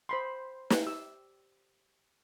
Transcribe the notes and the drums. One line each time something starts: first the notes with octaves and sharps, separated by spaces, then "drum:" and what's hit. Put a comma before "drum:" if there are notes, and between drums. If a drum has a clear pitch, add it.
C5 B5 C6
drum: snare
G4 E6